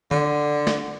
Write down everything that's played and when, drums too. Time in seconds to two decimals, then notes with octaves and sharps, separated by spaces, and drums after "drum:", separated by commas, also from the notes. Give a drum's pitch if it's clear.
0.11 D3, drum: tom D3
0.67 drum: snare